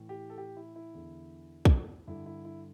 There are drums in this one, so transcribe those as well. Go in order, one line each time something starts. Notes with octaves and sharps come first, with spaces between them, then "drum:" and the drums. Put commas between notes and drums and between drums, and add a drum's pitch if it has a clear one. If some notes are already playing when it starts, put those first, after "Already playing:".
Already playing: A2 E3
G4
A4
G4
E4
E4
E2 D3
drum: kick
G2 D3 E4
E4
E4